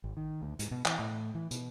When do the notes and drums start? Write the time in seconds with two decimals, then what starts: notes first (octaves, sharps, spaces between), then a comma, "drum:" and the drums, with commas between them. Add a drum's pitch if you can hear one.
0.04 G#1
0.17 D#3
0.42 D2
0.59 G#2, drum: hi-hat
0.71 B2
0.86 E3, drum: clap
0.99 A2
1.35 E3
1.51 B2, drum: hi-hat